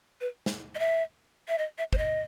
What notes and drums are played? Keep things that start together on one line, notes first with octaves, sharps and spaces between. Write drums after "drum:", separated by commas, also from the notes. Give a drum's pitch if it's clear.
B4
drum: snare
D#5
E5
E5
D#5
E5
C5, drum: kick
D#5